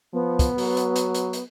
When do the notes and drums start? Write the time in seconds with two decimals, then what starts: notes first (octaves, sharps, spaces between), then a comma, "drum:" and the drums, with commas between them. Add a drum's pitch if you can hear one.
0.13 F3 B3
0.39 drum: kick, hi-hat
0.58 F#3, drum: open hi-hat
0.77 drum: hi-hat
0.96 drum: hi-hat
1.14 drum: hi-hat
1.33 drum: hi-hat